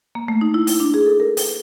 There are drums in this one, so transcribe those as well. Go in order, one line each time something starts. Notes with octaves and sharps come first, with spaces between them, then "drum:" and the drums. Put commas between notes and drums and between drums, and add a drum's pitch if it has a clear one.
A#3
A3
D#4
E4
E4, drum: open hi-hat
D4
G#4
A4
A#4
B4, drum: open hi-hat